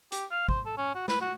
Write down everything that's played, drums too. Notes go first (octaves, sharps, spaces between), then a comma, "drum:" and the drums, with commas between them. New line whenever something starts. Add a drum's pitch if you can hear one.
G4, drum: hi-hat
F5
C5, drum: kick
A4
C#4
F#4
B4, drum: snare
F#4